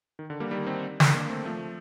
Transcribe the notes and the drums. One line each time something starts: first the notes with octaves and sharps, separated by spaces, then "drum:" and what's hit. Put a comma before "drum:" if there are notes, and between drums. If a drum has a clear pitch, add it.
D#3
D3
G3 A#3
D#3 G3
C4 D#4
drum: snare
A#3 D4
A3 C4
F3 A3